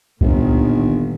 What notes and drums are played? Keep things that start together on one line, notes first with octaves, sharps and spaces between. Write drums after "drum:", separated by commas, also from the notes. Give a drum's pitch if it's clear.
G1 A#2 D#3, drum: kick C2